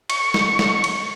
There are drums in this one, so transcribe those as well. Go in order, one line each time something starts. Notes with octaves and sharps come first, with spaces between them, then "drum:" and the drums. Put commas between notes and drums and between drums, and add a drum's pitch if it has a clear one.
C#6, drum: cymbal
drum: snare
drum: snare
drum: cymbal